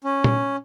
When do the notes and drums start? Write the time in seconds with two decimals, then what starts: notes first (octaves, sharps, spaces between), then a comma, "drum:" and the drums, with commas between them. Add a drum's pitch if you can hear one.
0.04 C#4
0.24 drum: tom A#2